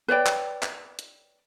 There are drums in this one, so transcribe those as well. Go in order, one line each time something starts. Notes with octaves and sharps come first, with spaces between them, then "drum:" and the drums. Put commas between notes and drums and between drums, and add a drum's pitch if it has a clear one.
B4 C#5 D5 G5
drum: clap
drum: clap
drum: hi-hat